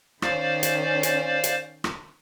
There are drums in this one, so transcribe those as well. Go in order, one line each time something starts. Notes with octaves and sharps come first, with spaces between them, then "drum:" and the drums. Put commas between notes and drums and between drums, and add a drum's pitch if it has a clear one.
D#3 C#4 C5 D5 F5, drum: rim click
drum: hi-hat
drum: hi-hat
drum: hi-hat
drum: rim click